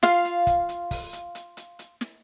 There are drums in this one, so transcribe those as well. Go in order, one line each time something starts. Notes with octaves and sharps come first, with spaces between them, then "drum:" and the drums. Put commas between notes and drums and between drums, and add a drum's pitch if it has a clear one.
F4 F5, drum: snare
drum: hi-hat
drum: kick, hi-hat
drum: hi-hat
drum: kick, open hi-hat
drum: hi-hat
drum: hi-hat
drum: hi-hat
drum: hi-hat
drum: snare